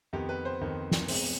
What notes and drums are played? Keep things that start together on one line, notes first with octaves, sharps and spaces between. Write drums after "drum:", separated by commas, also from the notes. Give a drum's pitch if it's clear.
F2 D#3 B3 G4
B4
C5
F2 D#3 B3
drum: snare
B2 G#3 C4, drum: open hi-hat